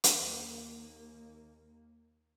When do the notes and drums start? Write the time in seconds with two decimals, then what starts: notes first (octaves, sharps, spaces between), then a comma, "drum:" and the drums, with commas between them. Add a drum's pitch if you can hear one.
0.04 drum: hi-hat
0.16 D#2 A#3